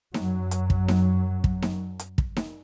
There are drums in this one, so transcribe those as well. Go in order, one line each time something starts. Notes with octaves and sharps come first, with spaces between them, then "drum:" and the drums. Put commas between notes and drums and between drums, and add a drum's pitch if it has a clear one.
F#2 F#3, drum: snare D#4
drum: hi-hat
drum: kick
drum: snare D#4
drum: kick
drum: snare D#4
drum: hi-hat
drum: kick
drum: snare D#4